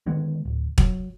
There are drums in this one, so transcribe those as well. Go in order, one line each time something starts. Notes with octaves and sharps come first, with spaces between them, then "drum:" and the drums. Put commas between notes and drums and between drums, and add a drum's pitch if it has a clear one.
D3 D#3 G#3 B3
D1
F#3, drum: kick